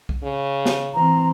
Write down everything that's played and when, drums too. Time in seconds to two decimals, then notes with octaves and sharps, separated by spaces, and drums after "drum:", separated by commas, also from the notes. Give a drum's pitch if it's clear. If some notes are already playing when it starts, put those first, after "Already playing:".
0.09 drum: kick
0.23 C#3
0.66 drum: snare
0.94 E3 C4 A#5